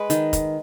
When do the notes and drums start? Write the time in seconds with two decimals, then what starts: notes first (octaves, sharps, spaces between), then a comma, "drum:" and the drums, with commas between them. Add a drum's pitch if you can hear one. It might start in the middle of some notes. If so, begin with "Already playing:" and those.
Already playing: G#3 B4
0.10 D#3, drum: hi-hat
0.33 drum: kick F1, hi-hat